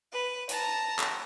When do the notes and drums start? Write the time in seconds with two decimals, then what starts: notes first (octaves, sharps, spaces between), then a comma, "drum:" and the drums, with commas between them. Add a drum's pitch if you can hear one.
0.13 B4
0.49 A5 A#5, drum: hi-hat
0.99 drum: clap